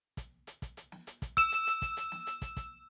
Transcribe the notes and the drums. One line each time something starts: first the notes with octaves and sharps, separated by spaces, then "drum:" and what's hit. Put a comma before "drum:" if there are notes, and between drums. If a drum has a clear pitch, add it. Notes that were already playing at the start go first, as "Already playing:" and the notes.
drum: kick, hi-hat
drum: hi-hat
drum: kick, hi-hat
drum: hi-hat
drum: snare
drum: hi-hat
drum: kick, hi-hat
E6 E7, drum: kick, hi-hat
drum: hi-hat
drum: hi-hat
drum: kick, hi-hat
drum: hi-hat
drum: snare
drum: hi-hat
drum: kick, hi-hat
drum: kick, hi-hat